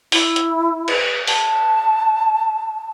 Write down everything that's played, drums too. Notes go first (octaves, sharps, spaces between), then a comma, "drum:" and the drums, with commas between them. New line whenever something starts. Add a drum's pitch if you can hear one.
E4, drum: open hi-hat
drum: hi-hat
drum: cymbal
A5, drum: open hi-hat